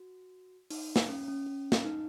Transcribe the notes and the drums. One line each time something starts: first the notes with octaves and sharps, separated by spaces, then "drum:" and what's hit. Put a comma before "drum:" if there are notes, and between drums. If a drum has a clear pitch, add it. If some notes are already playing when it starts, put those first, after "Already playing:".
Already playing: F#4
D#4, drum: open hi-hat
drum: snare
C#4
C#4
C#4
drum: snare
D#4